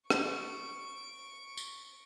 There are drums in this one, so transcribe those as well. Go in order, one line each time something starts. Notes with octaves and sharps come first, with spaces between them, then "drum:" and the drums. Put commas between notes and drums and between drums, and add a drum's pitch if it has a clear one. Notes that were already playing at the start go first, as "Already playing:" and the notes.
C#6 D7, drum: rim click
drum: tambourine